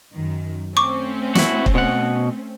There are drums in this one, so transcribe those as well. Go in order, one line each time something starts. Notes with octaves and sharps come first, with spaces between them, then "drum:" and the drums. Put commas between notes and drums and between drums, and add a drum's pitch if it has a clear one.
F#2 D#3
A3 C4 C#4 C#6 D6
E4 F#4, drum: snare
drum: kick
B2 F#5